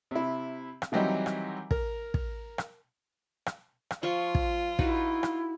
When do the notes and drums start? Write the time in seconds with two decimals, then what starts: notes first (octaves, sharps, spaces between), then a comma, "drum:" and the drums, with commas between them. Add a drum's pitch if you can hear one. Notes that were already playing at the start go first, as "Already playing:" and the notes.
0.11 C3 E4
0.82 drum: rim click
0.92 D#3 E3 F#3 G3 C4 D#4
1.26 drum: rim click
1.71 A#4, drum: kick
2.14 drum: kick
2.58 drum: rim click
3.46 drum: rim click
3.91 drum: rim click
4.03 F3 F4 C#6
4.35 drum: kick
4.79 D#4 E4 F#4 B4, drum: kick
5.23 drum: rim click